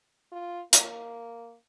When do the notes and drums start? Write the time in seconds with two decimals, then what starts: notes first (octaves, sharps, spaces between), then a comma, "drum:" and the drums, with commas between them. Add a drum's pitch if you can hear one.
0.32 F4
0.73 A#3, drum: hi-hat